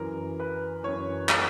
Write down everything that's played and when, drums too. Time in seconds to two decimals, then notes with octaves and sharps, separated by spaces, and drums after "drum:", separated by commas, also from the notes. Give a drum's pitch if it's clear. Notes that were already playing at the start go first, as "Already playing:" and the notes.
Already playing: F#2 E3 A#4
0.40 B4
0.83 F#2 E3 C#5
1.29 drum: clap